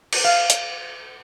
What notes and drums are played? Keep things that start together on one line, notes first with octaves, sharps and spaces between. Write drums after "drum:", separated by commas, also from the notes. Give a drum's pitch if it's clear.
drum: cymbal
F5
drum: hi-hat